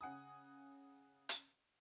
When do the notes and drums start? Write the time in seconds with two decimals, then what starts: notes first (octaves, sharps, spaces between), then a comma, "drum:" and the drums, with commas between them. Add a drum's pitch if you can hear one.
0.01 C#3 F#5 G#5 D#6
1.29 drum: hi-hat